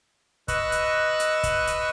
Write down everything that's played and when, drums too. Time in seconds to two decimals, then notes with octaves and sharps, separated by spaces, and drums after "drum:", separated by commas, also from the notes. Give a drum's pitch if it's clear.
0.48 B4 D#5 C#6 E6 F#6, drum: kick, hi-hat
0.72 drum: hi-hat
1.20 drum: hi-hat
1.43 drum: kick, hi-hat
1.67 drum: hi-hat